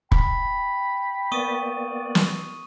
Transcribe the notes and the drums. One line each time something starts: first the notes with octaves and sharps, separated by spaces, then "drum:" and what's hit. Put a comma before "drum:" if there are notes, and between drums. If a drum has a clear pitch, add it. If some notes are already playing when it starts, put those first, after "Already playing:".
G5 B5, drum: kick
A#3 B3 D5 C#6 D#6 D#7
drum: snare